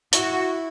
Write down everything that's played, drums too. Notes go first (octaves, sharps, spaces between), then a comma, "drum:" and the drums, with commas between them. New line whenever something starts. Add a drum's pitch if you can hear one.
E4 F#4, drum: hi-hat